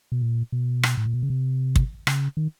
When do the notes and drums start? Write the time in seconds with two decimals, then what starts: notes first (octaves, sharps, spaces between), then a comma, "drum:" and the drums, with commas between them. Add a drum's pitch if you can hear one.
0.12 B2
0.21 A#2
0.52 B2
0.83 drum: rim click
0.97 A2
1.06 A#2
1.14 B2
1.23 C#3
1.30 C3
1.76 drum: kick
2.07 C#3, drum: rim click
2.37 D#3